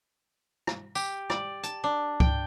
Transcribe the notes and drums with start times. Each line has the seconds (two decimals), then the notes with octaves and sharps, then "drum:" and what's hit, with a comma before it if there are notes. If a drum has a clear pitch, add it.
0.67 drum: rim click
0.95 G4, drum: tambourine
1.30 D5, drum: rim click
1.63 A5, drum: hi-hat
1.84 D4
2.20 G5, drum: kick C#2